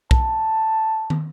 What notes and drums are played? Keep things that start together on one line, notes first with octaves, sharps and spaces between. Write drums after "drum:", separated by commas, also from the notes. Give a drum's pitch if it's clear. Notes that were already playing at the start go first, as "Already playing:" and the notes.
A5, drum: kick B1
drum: tom